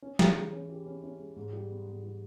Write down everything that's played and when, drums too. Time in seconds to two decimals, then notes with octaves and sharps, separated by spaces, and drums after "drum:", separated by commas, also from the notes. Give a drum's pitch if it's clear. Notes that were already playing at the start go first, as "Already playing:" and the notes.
0.02 C#4
0.19 E3, drum: snare
0.36 G#3
0.52 C#4
0.69 G4
0.86 C#4
1.03 C#4
1.19 G#3
1.36 G#2
1.53 G3
1.70 B3
1.87 G#2
2.03 G3